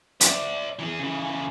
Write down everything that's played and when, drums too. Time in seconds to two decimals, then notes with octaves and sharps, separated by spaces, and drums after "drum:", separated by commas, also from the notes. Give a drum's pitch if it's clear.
0.21 D5 E5, drum: hi-hat
0.79 E3 G#4
0.99 C#3 E3